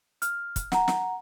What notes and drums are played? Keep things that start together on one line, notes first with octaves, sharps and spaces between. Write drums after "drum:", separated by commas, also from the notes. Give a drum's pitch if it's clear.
F6, drum: hi-hat
drum: kick, hi-hat
F#5 A#5, drum: snare
drum: snare